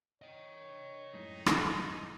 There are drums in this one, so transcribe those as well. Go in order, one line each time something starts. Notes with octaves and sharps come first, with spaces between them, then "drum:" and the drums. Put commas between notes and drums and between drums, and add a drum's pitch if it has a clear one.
C#5 D#5 G5
F#2 A2 G#3 D#4
drum: rim click